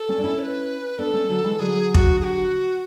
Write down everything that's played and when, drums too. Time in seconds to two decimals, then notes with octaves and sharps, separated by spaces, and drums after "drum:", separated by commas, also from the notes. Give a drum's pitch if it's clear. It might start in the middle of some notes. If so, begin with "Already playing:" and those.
Already playing: A4
0.09 A3 C#4
0.18 D4
0.24 C#4 E4
0.39 D5
0.42 B4
0.98 B3 D4 A4
1.14 A3 C#4
1.29 D3 F#3
1.44 E3 G#3
1.59 D3 F#3 G#4
1.90 G#4
1.94 F#4, drum: kick
2.20 G#4
2.24 F#4